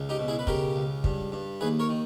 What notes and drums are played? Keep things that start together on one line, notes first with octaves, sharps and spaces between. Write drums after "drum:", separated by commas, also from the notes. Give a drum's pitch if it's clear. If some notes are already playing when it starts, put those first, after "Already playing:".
Already playing: C#2
D#4 G4
B2
E4 G#4
B4
C#3 G4 A#4, drum: kick
C#2
G2, drum: kick
G2
D#2 G#4 B4
A#4 C#5
D#3